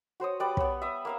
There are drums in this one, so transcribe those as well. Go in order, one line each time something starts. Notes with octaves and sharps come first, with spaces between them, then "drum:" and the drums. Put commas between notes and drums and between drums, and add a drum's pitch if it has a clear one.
F#4 C5 C#5 D#6
G3 B4 D5 D6
B3 C#5, drum: kick
E5 D#6
A#3 F5 D#6